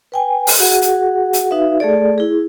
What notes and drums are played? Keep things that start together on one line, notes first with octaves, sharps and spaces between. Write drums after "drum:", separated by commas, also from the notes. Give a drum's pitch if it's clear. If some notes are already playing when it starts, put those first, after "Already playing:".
B4 G5 G#5
drum: open hi-hat
F#4 G#4 F#5
drum: hi-hat
drum: hi-hat
D#4 F#4 B4 E5 F5
A3 G#4 A4 D5
E4 G#4